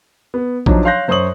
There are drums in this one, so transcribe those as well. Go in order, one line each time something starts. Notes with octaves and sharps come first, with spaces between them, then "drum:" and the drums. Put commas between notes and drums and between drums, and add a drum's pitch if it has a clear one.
B3
F3 F#3 D4 D#4, drum: kick A#1
C#5 F5 C6 F#6 G6 A#6
F#2 C5 C#5 C#6 D#6 F#7